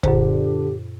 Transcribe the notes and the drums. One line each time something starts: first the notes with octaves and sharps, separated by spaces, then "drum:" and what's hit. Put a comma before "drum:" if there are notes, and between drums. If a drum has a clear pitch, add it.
F#2 A#2 D3 G4 C5, drum: kick